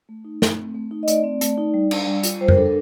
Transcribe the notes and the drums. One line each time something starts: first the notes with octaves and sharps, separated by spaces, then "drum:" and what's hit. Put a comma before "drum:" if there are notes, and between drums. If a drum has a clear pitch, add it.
A3
D#4
A3, drum: snare
C4
A3
D#4
D#5
A3 D5, drum: hi-hat
C4
A3, drum: hi-hat
D#4
G3
D4, drum: cymbal
G3
F4, drum: hi-hat
G3 C5
A#4, drum: tom F2
D4 A4
A#4